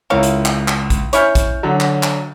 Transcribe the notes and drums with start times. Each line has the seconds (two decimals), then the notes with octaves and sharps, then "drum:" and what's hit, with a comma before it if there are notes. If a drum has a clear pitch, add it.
0.10 C#2 E4 A#4 C#5 F5
0.23 drum: hi-hat
0.45 drum: clap
0.68 drum: clap
0.90 drum: kick, hi-hat
1.13 C#4 E4 C#5 C#6 F6 G6, drum: hi-hat
1.35 drum: kick, hi-hat
1.63 D3 F#3
1.80 drum: clap
2.03 drum: clap